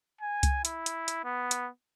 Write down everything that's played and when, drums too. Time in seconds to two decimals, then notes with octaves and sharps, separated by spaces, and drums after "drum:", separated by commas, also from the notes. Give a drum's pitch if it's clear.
0.21 G#5
0.43 drum: kick C2, hi-hat
0.65 E4, drum: hi-hat
0.86 drum: hi-hat
1.08 drum: hi-hat
1.24 B3
1.51 drum: hi-hat